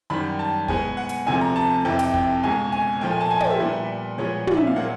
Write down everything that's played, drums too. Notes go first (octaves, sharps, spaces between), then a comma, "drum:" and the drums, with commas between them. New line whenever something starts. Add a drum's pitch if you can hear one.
F#2 D#3 G3 B5
A5
B2 G#3 B3 G#5, drum: kick
F#5
drum: hi-hat
D2 C3 F3 G#5
A#5
A5
F2 C3 E3 G5
G5, drum: hi-hat
G5, drum: kick
C#2 B2 G#3 G#5
G#5
A#2 F3 A3 G5
G#5
A5
G#5
G5, drum: tom
E5
A#2 G3 B3
A#2 F3 G#3 B3 C#5
D5, drum: tom
E5
F5
A#2 F#3 A#3 F#5